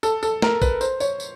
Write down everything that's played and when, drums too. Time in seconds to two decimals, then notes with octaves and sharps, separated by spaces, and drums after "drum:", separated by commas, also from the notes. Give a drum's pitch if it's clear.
0.03 A4, drum: tambourine
0.23 A4, drum: tambourine
0.42 A#4, drum: snare
0.62 B4, drum: kick, tambourine
0.81 C5, drum: tambourine
1.00 C#5, drum: tambourine
1.20 drum: tambourine